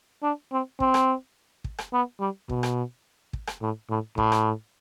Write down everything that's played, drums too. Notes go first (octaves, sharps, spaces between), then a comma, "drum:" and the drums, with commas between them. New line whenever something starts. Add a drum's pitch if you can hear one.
D4
C4
C4, drum: kick
drum: rim click
drum: kick
drum: rim click
B3
G3
B2, drum: kick
drum: rim click
drum: kick
drum: rim click
A2
A2
A2, drum: kick
drum: rim click